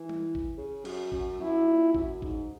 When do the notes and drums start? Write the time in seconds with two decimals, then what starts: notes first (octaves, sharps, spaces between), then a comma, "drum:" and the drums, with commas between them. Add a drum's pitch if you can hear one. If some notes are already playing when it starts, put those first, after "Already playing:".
Already playing: E3
0.09 drum: tom G3
0.35 drum: kick G#1
0.57 C#3
0.85 F#2, drum: cymbal
1.12 F#2, drum: kick G#1
1.40 F#2 E4
1.67 A#2
1.95 F#2, drum: kick G#1
2.22 G#2, drum: kick G#1